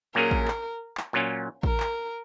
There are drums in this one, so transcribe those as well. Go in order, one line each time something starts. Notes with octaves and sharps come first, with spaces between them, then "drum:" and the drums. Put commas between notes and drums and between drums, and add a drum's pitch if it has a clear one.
A#2 F#3 A#3 C#4 G#4 A#4
drum: kick A1
drum: clap
drum: clap
A#2 F#3 C#4 F4
A#4, drum: kick A1
drum: clap